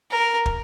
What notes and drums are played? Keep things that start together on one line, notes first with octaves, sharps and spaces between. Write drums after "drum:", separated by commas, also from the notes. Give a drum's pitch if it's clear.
A#4
drum: kick